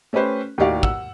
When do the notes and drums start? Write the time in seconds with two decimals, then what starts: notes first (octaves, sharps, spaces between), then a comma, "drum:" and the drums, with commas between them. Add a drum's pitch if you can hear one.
0.13 A3 C#4 G4 B4 C5
0.58 D#2 A2 F#4 G4 D5 F5
0.83 F#5 E6, drum: kick